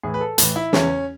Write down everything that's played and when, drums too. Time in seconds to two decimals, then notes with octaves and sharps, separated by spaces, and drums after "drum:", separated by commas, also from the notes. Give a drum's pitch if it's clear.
0.03 A2 E3 G#4
0.14 B4
0.21 A4
0.38 A2 E3, drum: hi-hat
0.56 E4
0.73 E2 C#3 E3 C#4, drum: snare